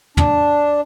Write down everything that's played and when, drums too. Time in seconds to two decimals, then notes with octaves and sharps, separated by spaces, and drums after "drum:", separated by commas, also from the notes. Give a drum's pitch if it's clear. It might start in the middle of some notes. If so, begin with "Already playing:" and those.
0.17 D4, drum: tom